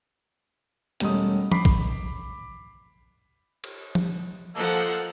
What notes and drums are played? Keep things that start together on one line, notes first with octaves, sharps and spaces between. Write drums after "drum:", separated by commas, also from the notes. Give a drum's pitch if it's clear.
E1 G3 A3 C#4 D#5 D#6, drum: hi-hat
B5 D6 B6 C7, drum: tom F3
drum: kick A#1
drum: cymbal
drum: tom F3
F3 A#3 A4 D#5 F#5 E6